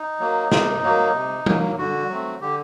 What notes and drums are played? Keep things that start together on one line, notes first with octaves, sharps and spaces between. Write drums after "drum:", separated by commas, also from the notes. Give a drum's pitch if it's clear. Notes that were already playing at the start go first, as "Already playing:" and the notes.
Already playing: D#4
F#3 A#3
C3, drum: snare
F#3 A#3
C3
F#3 A#3, drum: tom F#3
D3 F#4
F#3 A3 C4
D3 G4